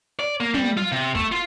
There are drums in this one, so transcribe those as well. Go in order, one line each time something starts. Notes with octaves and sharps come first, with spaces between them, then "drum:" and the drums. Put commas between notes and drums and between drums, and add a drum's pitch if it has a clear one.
D5
A#3
G3, drum: tom
F4
C3
A3, drum: kick
F4